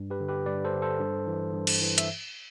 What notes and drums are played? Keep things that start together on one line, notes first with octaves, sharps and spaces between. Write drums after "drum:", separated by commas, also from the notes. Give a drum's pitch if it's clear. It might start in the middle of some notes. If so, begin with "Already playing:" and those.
Already playing: G2
G4 B4
D3
G4 B4
G2 B4 D5
A4 C5
D3
A4 C5
G2
E3
G2
drum: cymbal
E3
E5, drum: hi-hat